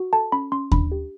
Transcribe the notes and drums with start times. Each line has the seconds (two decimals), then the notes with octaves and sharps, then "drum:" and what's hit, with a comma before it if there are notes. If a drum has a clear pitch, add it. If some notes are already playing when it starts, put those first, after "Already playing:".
Already playing: F#4
0.13 A4 A5
0.32 C#4 B5
0.52 C#4 C6
0.72 D4 B5, drum: kick D#2
0.92 G4